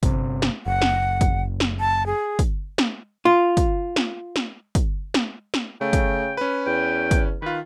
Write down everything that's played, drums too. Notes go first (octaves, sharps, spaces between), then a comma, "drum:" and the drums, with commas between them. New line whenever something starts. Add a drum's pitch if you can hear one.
G1 C3, drum: kick, hi-hat
drum: snare
F#1 F#5
drum: snare
drum: kick, hi-hat
drum: snare
A5
G#4
drum: kick, hi-hat
drum: snare
F4
drum: kick, hi-hat
drum: snare
drum: snare
drum: kick, hi-hat
drum: snare
drum: snare
C#3 A3 G5
drum: kick, hi-hat
C#4 B4
E2 G5
drum: kick, hi-hat
D#3 F4 B4